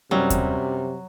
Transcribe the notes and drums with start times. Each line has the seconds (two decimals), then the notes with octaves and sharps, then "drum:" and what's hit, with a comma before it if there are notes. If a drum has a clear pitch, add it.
0.11 F#2 C3 F#3 G3
0.30 drum: kick D#2, hi-hat